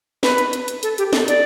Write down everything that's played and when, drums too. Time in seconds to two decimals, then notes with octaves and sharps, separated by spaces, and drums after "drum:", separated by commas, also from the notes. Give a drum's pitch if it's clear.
0.23 B4, drum: snare
0.38 drum: hi-hat
0.53 drum: hi-hat
0.68 drum: hi-hat
0.83 A4, drum: hi-hat
0.98 G4, drum: hi-hat
1.13 A4, drum: snare
1.28 D5, drum: hi-hat